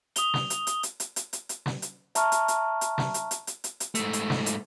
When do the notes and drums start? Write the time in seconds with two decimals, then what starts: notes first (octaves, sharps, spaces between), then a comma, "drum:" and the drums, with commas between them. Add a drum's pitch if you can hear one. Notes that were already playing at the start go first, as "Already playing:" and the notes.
0.16 D#6 F7 G7, drum: hi-hat
0.34 drum: snare
0.50 drum: hi-hat
0.67 drum: hi-hat
0.83 drum: hi-hat
1.00 drum: hi-hat
1.16 drum: hi-hat
1.33 drum: hi-hat
1.49 drum: hi-hat
1.66 drum: snare
1.82 drum: hi-hat
2.15 E5 A5 A#5 C#6 F6, drum: hi-hat
2.32 drum: hi-hat
2.48 drum: hi-hat
2.81 drum: hi-hat
2.98 drum: snare
3.14 drum: hi-hat
3.31 drum: hi-hat
3.47 drum: hi-hat
3.64 drum: hi-hat
3.80 drum: hi-hat
3.95 G#2 A3, drum: hi-hat
4.13 drum: hi-hat
4.30 drum: snare
4.46 drum: hi-hat